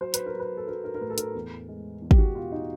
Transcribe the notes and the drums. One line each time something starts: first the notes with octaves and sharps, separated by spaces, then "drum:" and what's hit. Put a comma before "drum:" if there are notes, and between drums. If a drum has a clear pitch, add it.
F#3 C5
B4, drum: hi-hat
A#4
F#3
B4
A4
F#3 A#4
A#4
A#4
A2 B4
A4
A#4, drum: hi-hat
E2
G#3
E2
G4, drum: kick
F#4
B2 F4
D#4